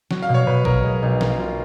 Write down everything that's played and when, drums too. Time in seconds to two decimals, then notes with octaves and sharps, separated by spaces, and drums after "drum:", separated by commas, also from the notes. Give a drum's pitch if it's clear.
0.11 F#3, drum: snare
0.22 F5
0.29 B2
0.34 C#5
0.47 B2 B4
0.65 B2 A#4, drum: kick A1
0.84 G#3
1.03 B1
1.21 A#3, drum: snare
1.40 F4